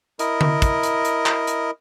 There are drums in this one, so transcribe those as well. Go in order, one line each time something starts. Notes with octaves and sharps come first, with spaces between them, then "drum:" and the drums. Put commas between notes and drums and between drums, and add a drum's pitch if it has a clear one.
E4 A#4 D#5, drum: hi-hat
drum: tom D3
drum: kick, hi-hat
drum: hi-hat
drum: hi-hat
drum: clap
drum: hi-hat